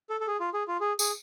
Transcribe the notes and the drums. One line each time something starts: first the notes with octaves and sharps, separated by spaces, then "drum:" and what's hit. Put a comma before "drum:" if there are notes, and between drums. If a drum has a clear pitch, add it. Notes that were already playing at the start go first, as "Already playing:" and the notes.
A4
A4
G#4
F4
G#4
F4
G#4
G#4, drum: tambourine